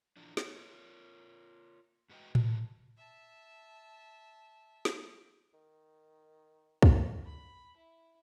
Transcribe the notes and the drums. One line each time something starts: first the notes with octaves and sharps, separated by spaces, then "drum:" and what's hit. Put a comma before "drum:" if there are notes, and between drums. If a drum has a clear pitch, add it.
D3 E3 F3 D4
F4 A#4 C#5, drum: snare
G#2 F#4 B4 D#5 G5
A#2 A#3 F4 G#4 B4 A5, drum: tom A2
E5 A5
drum: snare
D#3
drum: kick
B5
E4